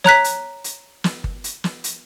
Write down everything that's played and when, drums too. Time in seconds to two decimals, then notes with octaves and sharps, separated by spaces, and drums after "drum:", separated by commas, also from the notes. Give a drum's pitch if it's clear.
0.04 C#5 A#5 F#6 B6, drum: snare
0.24 drum: hi-hat
0.64 drum: hi-hat
1.04 drum: snare
1.24 drum: kick G1
1.44 drum: hi-hat
1.64 drum: snare
1.84 drum: hi-hat